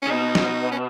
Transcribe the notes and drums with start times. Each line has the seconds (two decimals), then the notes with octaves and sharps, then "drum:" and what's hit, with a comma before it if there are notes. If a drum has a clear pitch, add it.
0.02 C#4
0.07 C#3
0.11 B2 D#4
0.35 drum: snare
0.72 C#4